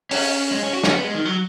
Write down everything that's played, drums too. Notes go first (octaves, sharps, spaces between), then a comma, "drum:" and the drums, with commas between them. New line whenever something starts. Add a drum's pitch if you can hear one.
C#4, drum: open hi-hat
G#3
C#4
F#4
C#4, drum: snare
B3
G#3
D#3
F#3